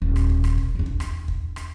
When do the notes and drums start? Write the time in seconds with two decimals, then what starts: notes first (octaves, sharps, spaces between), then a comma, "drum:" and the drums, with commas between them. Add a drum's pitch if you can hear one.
0.02 D#1
0.16 drum: rim click
0.30 drum: kick
0.44 drum: rim click
0.58 drum: kick
0.75 E2 D4
0.86 drum: kick
1.00 drum: rim click
1.28 drum: kick
1.56 drum: rim click